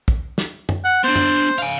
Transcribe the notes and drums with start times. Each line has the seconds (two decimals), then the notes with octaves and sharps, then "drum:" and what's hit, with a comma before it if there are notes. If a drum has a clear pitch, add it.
0.08 drum: kick
0.38 drum: snare
0.69 drum: tom F#2
0.84 F#5
1.04 B3 D4 C5
1.16 drum: tom F#2
1.58 F5 G#5, drum: tambourine